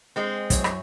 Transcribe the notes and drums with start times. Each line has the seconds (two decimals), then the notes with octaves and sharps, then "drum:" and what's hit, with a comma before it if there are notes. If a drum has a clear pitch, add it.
0.16 G#3 C4
0.50 F#2 E4 C#5, drum: kick, hi-hat
0.64 drum: rim click